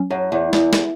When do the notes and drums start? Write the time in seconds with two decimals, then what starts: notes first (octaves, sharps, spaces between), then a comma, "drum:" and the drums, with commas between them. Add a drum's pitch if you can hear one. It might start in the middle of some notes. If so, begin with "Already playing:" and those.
Already playing: F#3 C#4
0.10 F#2
0.32 E2
0.53 E2, drum: snare
0.73 drum: snare